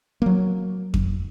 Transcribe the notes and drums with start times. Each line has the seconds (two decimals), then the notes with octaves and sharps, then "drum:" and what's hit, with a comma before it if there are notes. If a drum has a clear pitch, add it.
0.22 F#3 A#3
0.94 drum: kick F2